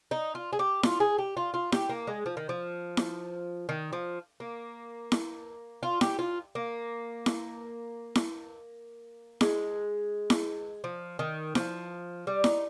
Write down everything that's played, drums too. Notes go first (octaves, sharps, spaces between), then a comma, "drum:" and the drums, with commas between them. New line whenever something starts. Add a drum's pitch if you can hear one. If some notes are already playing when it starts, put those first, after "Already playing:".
D#4
F4
G#4
G4
F4, drum: snare E4
G#4
G4
F4
F4
G4, drum: snare E4
A#3
G#3
F3
D#3
F3
drum: snare E4
D#3
F3
A#3
drum: snare E4
F4
G4, drum: snare E4
F4
A#3
drum: snare E4
drum: snare E4
G#3, drum: snare E4
drum: snare E4
F3
D#3
F3, drum: snare E4
G3
D#4, drum: snare E4